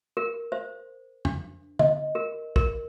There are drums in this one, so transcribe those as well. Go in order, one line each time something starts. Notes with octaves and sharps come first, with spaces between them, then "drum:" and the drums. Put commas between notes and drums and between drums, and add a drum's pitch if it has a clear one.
A#4
C5
D4, drum: tom F2
D#5, drum: tom
A#4
A#4, drum: kick